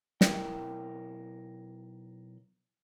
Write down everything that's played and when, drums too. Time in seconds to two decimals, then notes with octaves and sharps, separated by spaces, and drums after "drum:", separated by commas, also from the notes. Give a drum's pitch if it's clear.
0.21 B1 D#3 E4 A#4 G5, drum: snare